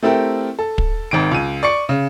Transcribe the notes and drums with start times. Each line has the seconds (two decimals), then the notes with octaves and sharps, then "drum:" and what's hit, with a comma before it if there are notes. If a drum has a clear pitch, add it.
0.03 A3 C4 E4 G4 A#4
0.59 A4
0.78 drum: kick
1.11 G#1 D#3 D7
1.31 C#2 D#7
1.63 D5 C#6 C#7
1.89 C#3